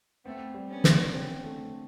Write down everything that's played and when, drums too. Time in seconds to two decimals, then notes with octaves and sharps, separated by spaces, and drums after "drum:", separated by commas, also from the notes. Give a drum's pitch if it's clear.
0.25 A3 B3 C4
0.54 G3
0.69 B3 C#4
0.84 D3, drum: snare
1.14 C4
1.44 A3